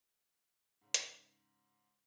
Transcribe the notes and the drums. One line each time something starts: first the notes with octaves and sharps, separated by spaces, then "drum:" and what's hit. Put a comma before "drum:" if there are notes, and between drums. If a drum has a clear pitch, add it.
G#2 C#3
drum: hi-hat